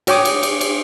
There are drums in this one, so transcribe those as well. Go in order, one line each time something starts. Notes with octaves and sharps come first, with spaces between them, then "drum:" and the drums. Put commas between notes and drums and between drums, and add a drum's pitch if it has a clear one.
F#4 C#5 G5 D6 D#6, drum: cymbal
drum: cymbal
drum: cymbal
drum: cymbal